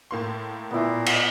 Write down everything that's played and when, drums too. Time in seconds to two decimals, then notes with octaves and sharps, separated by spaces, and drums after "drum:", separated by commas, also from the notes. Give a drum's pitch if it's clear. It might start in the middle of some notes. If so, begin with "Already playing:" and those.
0.11 A2 A#3 C6
0.71 A#2 B3 E4
1.06 drum: cymbal